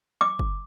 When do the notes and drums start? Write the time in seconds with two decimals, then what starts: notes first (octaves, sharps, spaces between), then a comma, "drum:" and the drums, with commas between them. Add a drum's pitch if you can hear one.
0.21 D6
0.39 drum: kick